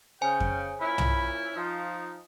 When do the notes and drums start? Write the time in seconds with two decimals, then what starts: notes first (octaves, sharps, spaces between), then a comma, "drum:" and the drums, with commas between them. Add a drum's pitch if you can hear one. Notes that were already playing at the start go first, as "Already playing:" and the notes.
0.21 C#3 C5 G5 G#5
0.40 drum: kick F2
0.80 A#2 C#4 E4 B5
0.98 drum: tom
1.56 F3 D#4